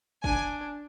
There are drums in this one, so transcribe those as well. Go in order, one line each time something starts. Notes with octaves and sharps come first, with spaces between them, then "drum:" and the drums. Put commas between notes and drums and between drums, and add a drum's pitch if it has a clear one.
D4 G#5, drum: kick